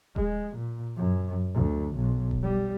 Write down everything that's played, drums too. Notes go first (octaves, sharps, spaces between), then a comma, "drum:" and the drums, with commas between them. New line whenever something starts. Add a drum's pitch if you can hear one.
G#3, drum: kick D#1
A#2
F#2
D2
B1
drum: kick D#1
G3